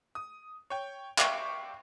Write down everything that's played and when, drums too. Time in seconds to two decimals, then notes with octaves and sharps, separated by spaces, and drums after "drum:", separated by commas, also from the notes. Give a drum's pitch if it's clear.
0.15 D#6
0.70 C#5 G5
1.18 E5 F5 G5 C#6 D6 C7, drum: clap